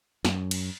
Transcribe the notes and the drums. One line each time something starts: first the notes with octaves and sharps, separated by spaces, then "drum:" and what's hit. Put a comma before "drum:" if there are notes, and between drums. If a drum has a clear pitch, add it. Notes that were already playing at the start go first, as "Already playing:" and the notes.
F#2, drum: snare
drum: cymbal